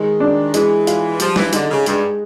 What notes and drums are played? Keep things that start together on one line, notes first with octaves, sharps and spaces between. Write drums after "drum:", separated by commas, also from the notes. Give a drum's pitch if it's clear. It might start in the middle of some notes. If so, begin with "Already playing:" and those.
Already playing: D#3 G#3
D4
E3 G#3, drum: hi-hat
F4, drum: hi-hat
F3 G3, drum: hi-hat
E3, drum: snare
D3 D#4, drum: hi-hat
C#3
G2 G#3, drum: hi-hat